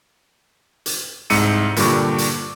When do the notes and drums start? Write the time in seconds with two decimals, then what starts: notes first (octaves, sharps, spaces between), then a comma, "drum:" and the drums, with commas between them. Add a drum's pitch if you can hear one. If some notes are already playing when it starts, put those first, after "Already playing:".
0.86 drum: hi-hat
1.30 C2 G#2 E6 C#7 D#7, drum: hi-hat
1.76 G2 A#2 D3 G3 C#6 D6, drum: hi-hat
2.18 drum: hi-hat